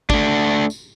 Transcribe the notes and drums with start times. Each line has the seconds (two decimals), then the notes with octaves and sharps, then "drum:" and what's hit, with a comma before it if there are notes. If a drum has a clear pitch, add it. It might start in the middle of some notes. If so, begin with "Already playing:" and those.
0.10 A3 D4, drum: kick
0.70 drum: tambourine